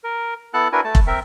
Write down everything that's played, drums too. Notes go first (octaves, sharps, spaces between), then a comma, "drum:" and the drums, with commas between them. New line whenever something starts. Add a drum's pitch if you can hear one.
A#4
B3 E4 A4 F#5 A5 F#6
D4 E4 F#4 A#4 B4 G#5
A3 A5
drum: kick
C4 A#4 E5